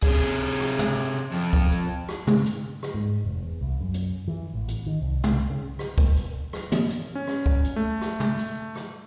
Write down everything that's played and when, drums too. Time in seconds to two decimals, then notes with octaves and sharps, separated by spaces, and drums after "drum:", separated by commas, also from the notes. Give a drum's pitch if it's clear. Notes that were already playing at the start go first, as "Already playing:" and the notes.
0.03 C3 G#4, drum: kick
0.23 drum: hi-hat
0.60 drum: rim click
0.79 drum: tom
0.97 drum: hi-hat
1.31 F2
1.53 drum: kick
1.72 drum: hi-hat
2.09 drum: rim click
2.27 drum: tom
2.46 drum: hi-hat
2.83 drum: rim click
2.94 G#2
3.25 F1
3.43 E2
3.61 C2
3.81 F#2
3.94 drum: hi-hat
4.28 E3
4.54 A1
4.68 drum: hi-hat
4.87 D#3
5.02 C2
5.24 drum: tom
5.50 C#3
5.79 drum: rim click
5.98 drum: kick
6.16 drum: hi-hat
6.53 drum: rim click
6.72 drum: tom
6.90 drum: hi-hat
7.15 C#4
7.27 drum: rim click
7.46 drum: kick
7.64 drum: hi-hat
7.76 A3
8.01 drum: rim click
8.20 drum: tom
8.38 drum: hi-hat
8.76 drum: rim click